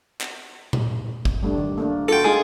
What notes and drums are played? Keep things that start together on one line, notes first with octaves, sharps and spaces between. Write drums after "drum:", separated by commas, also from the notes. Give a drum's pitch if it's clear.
drum: clap
drum: tom A#2
drum: kick
G3 A3 D4
D#3
A3 A#3 D4
F4 F#4 A4 G5
G#3 D#4 F4 G#4